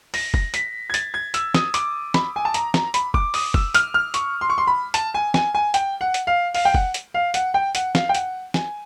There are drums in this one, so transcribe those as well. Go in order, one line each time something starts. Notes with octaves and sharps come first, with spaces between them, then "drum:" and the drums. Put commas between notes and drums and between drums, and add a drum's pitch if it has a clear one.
A#6, drum: open hi-hat
A#6, drum: kick
B6, drum: hi-hat
G#6
A6, drum: hi-hat
G#6
E6, drum: hi-hat
D#6, drum: snare
D6, drum: hi-hat
B5, drum: snare
G#5
A5
A#5, drum: hi-hat
A#5, drum: snare
B5, drum: hi-hat
D6, drum: kick
D#6, drum: open hi-hat
E6, drum: kick
F6, drum: hi-hat
F6
C#6, drum: hi-hat
C6
C#6
C6
B5
A5, drum: hi-hat
G#5
G#5, drum: snare
G#5
G5, drum: hi-hat
F#5
drum: hi-hat
F5
F5, drum: open hi-hat
G5
F#5, drum: kick
drum: hi-hat
F5
F#5, drum: hi-hat
G5
F#5, drum: hi-hat
F5, drum: snare
G5
F#5, drum: hi-hat
G#5, drum: snare